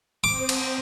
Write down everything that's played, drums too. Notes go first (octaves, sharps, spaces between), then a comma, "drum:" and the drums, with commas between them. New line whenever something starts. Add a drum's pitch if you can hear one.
C4 C5 D6 D#6
drum: cymbal